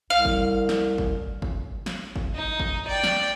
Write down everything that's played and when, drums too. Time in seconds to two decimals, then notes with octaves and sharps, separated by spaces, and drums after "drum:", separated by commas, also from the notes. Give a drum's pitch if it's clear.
0.10 C2 F5
0.25 drum: kick G1
0.69 drum: snare
0.98 drum: kick G1
1.42 drum: kick G1
1.86 drum: snare
2.16 drum: kick G1
2.34 D#4
2.60 drum: kick G1
2.87 D5 G5
3.04 drum: snare